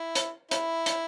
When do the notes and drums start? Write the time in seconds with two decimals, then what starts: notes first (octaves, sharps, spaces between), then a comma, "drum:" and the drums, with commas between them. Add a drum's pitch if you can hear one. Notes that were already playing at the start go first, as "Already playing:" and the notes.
Already playing: E4
0.15 drum: hi-hat
0.51 E4, drum: hi-hat
0.86 drum: hi-hat